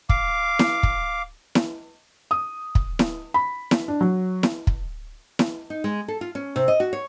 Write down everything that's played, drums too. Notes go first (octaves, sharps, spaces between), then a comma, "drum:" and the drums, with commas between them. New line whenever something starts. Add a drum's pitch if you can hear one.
F5 D6, drum: kick
drum: snare E4
drum: kick
drum: snare E4
D#6
drum: kick
drum: snare E4
B5
drum: snare E4
D4
F#3
drum: snare E4
drum: kick
drum: snare E4
D#4
G#3
A4
F4
C#4
C3
D#5
F#4
C#5